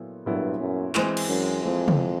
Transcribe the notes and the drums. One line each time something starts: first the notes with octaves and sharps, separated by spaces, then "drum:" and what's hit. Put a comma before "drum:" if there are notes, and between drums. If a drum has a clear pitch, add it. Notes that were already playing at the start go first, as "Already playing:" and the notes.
Already playing: A#2 F#3 B3 E4 A4
G2 A#2 F#3 B3 E4 A4
F#2
E3 G#3 C4, drum: clap
drum: cymbal
F#2
F2 E3 G#3 C4
drum: tom